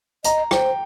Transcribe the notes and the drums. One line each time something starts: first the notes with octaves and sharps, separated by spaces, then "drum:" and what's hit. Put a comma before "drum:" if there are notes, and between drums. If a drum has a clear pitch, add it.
D#5 A#5, drum: hi-hat
C5 G5, drum: rim click